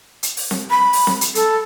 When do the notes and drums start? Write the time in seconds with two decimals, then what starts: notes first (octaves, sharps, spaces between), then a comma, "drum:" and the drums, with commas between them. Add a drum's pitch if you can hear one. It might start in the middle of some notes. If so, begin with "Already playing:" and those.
0.23 drum: hi-hat
0.37 drum: open hi-hat
0.51 drum: snare C4
0.70 B5
0.93 drum: open hi-hat
1.07 drum: snare C4
1.21 drum: hi-hat
1.35 A4, drum: hi-hat